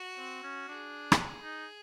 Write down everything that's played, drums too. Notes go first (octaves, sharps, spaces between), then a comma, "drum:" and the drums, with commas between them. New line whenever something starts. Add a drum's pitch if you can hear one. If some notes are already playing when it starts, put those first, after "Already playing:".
Already playing: F#4
C4
C#4
D4 G#4
drum: rim click
D#4